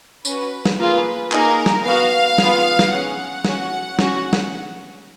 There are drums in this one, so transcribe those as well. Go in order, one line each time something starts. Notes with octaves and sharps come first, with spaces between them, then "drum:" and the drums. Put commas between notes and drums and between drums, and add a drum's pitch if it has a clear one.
C#4 F#4 B4, drum: tambourine
drum: snare
A#3 F4 G#4 B4
A#3 D#4 G#4 A#4, drum: clap
drum: snare
B3 F#4 F5
B3 F4 G#4, drum: snare
drum: snare
C#4 G#4 F#5
C#4 F#4, drum: snare
C#4 F#4, drum: snare
drum: snare